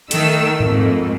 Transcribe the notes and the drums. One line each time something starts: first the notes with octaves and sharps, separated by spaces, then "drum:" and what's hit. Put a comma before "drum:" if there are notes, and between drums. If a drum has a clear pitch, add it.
D#3 A3 E6, drum: hi-hat
F2 G#2 A3 A#3, drum: tom G#2